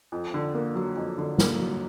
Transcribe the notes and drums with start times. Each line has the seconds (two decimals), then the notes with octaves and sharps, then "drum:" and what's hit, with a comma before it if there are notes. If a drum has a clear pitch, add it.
0.12 F2
0.34 D3
0.54 A#3
0.76 F#3
0.97 F2
1.18 D3
1.38 A#3, drum: snare
1.60 F#3